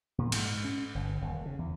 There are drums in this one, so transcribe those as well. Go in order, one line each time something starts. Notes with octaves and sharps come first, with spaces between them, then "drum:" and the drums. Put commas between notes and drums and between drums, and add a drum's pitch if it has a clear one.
A#2
G#2, drum: cymbal
C#4
G1
D#1
C#3
E2